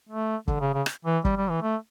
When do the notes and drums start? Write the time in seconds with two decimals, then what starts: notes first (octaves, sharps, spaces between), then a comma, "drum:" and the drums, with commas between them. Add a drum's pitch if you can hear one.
0.10 A3
0.48 D3, drum: kick
0.61 C#3
0.74 C#3
0.86 drum: rim click
1.05 E3
1.25 G3, drum: kick
1.37 G3
1.50 E3
1.63 A3